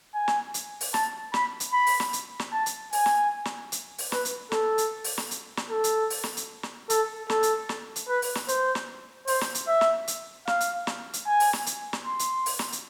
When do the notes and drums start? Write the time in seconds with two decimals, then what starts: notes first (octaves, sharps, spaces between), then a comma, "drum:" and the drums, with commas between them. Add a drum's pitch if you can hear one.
0.14 G#5
0.28 drum: snare
0.54 drum: hi-hat
0.81 drum: open hi-hat
0.94 A5, drum: snare
1.34 B5, drum: snare
1.60 drum: hi-hat
1.73 B5
1.87 drum: open hi-hat
2.00 drum: snare
2.13 drum: hi-hat
2.39 drum: snare
2.53 A5
2.66 drum: hi-hat
2.93 G#5, drum: open hi-hat
3.06 drum: snare
3.45 drum: snare
3.72 drum: hi-hat
3.98 drum: open hi-hat
4.12 B4, drum: snare
4.25 drum: hi-hat
4.52 A4, drum: snare
4.78 drum: hi-hat
5.04 drum: open hi-hat
5.18 drum: snare
5.31 drum: hi-hat
5.57 drum: snare
5.70 A4
5.84 drum: hi-hat
6.10 drum: open hi-hat
6.24 drum: snare
6.37 drum: hi-hat
6.63 drum: snare
6.90 A4, drum: hi-hat
7.30 A4, drum: snare
7.43 drum: hi-hat
7.69 drum: snare
7.96 drum: hi-hat
8.09 B4
8.22 drum: open hi-hat
8.35 drum: snare
8.48 C5, drum: hi-hat
8.75 drum: snare
9.27 C5, drum: open hi-hat
9.41 drum: snare
9.55 drum: hi-hat
9.68 E5
9.81 drum: snare
10.08 drum: hi-hat
10.47 F5, drum: snare
10.60 drum: hi-hat
10.87 drum: snare
11.13 drum: hi-hat
11.27 G#5
11.40 drum: open hi-hat
11.53 drum: snare
11.66 drum: hi-hat
11.93 drum: snare
12.06 C6
12.19 drum: hi-hat
12.46 drum: open hi-hat
12.59 drum: snare
12.72 drum: hi-hat